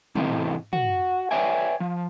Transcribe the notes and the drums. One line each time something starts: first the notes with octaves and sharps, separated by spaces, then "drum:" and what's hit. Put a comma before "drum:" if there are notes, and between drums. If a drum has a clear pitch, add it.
E2 C3 E3 A3 C4 D#4, drum: tom
F#4, drum: tom
B4 C#5 D5 E5 G5 G#5
F3